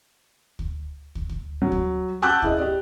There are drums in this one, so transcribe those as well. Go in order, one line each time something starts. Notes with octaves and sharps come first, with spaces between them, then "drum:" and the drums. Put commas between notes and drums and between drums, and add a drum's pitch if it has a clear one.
drum: kick
drum: kick
drum: kick
F#3
drum: kick
F#5 A5 D6 E6 F#6 G6
E4 G#4 D#5, drum: kick
G4 D5